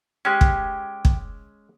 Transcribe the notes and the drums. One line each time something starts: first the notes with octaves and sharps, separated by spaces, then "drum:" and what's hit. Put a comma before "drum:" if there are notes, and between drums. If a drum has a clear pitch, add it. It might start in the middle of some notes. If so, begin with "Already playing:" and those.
G#3 C#4 G4
drum: kick
drum: kick